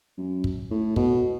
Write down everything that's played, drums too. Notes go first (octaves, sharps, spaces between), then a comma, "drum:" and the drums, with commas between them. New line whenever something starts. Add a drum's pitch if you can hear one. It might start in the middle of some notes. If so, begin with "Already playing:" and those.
F#2
drum: kick
A2
B2, drum: kick